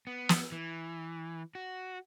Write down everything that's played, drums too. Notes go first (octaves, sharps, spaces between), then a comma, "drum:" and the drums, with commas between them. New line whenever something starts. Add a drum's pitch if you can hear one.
B3
drum: snare
E3
F#4